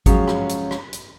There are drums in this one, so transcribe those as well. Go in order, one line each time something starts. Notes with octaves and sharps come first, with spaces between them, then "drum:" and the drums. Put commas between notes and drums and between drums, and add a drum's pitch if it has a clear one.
F3 F#3 G#3 C#4, drum: kick G#1, hi-hat
drum: rim click
drum: hi-hat
drum: rim click
drum: hi-hat